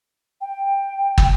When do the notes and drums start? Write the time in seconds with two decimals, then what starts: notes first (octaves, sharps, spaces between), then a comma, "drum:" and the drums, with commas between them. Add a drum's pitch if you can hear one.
0.41 G5
1.18 drum: kick